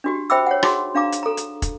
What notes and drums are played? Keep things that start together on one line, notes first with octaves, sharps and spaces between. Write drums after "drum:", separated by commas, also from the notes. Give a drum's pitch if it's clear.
D4 F#4 G4
C5 E5 G5 B5 D6 E6
C#5 F#5
D#4 F#4 G#4 C6 D6, drum: rim click
D4 F5 A#5 D6
drum: hi-hat
A4 A#5
drum: hi-hat
drum: kick, hi-hat